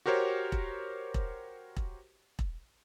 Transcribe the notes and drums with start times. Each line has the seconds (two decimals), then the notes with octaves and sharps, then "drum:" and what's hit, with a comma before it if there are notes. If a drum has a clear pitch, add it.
0.06 F#4 G4 A#4 C5 C#5
0.52 drum: kick E1
1.14 drum: kick E1
1.76 drum: kick E1
2.39 drum: kick E1